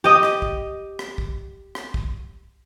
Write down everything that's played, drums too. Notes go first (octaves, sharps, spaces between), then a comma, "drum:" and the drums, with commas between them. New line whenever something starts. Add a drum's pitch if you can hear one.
G4 D#5 D#6
drum: rim click
drum: kick
drum: rim click
drum: kick
drum: rim click
drum: kick